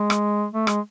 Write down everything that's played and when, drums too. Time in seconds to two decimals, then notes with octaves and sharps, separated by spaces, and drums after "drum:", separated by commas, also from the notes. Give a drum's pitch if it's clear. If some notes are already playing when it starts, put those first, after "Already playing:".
Already playing: G#3
0.10 drum: rim click
0.53 A3
0.67 G#3, drum: rim click